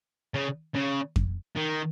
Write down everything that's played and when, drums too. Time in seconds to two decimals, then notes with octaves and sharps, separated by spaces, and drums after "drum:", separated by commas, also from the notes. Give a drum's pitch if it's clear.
0.34 C#3
0.75 C#3
1.16 drum: kick F2
1.57 D#3